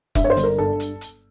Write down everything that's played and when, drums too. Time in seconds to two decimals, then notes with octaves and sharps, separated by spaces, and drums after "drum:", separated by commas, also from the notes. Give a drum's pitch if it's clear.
0.15 G2 E5, drum: kick F1, hi-hat
0.24 C#5
0.30 C5
0.37 G1, drum: hi-hat
0.43 A#4
0.58 G2 A4
0.80 drum: hi-hat
1.01 drum: hi-hat